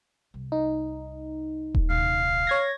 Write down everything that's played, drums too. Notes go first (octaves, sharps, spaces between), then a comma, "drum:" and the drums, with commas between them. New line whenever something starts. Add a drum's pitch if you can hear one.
C2
D#4
drum: kick D#1
D#1 C2 F5
C#5 G#6 A#6